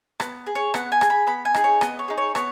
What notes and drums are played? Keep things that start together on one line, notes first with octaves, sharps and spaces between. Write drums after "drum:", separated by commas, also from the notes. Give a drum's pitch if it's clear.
B3, drum: rim click
G#4
C#5
B3 F#5, drum: rim click
G#5
G#4, drum: rim click
B5
B3 B5
G#5
D#4 G#4, drum: rim click
C#5
B3 D#5, drum: rim click
C#5
D#4 G#4
C#5
B3 C#5, drum: rim click